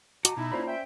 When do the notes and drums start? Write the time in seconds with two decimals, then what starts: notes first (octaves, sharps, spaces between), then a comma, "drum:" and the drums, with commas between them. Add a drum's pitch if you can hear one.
0.25 F#4 D#5 A5 A#5 D6, drum: hi-hat
0.37 B2 D#4 E4
0.52 A#3 C#4 F4 C5 D5 B5
0.68 E5 G5